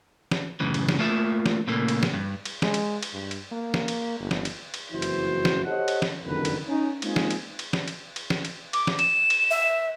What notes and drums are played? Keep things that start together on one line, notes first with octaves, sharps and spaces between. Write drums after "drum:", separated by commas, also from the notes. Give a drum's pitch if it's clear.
drum: snare
F#2 A2 C#3 E3
drum: cymbal
drum: snare
A3 A#3 F4 E5
drum: snare
A#2 C#3 A3 A#3
drum: cymbal
drum: snare
G2
drum: cymbal
G#3, drum: snare
drum: cymbal
drum: cymbal
G2
drum: cymbal
A#3
drum: snare
drum: cymbal
G1
drum: snare
drum: cymbal
drum: cymbal
F#1 F2 E3 E4 F#4 C5
drum: cymbal
drum: snare
G4 A4 C5 C#5 D#5 F#5
drum: cymbal
drum: snare
F#1 C2 F2 D3 D#3 B4
drum: cymbal
C#4 D#4
G#3 A#3 C4 D#4 F4 G#4, drum: cymbal
drum: snare
drum: cymbal
drum: cymbal
drum: snare
drum: cymbal
drum: cymbal
drum: snare
drum: cymbal
D6, drum: cymbal
drum: snare
E7, drum: cymbal
drum: cymbal
E5